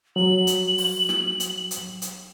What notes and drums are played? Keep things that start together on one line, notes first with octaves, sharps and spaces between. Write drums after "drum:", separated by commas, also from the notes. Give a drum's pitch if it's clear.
F#3 F#7
drum: hi-hat
drum: open hi-hat
drum: snare
drum: hi-hat
drum: hi-hat
drum: hi-hat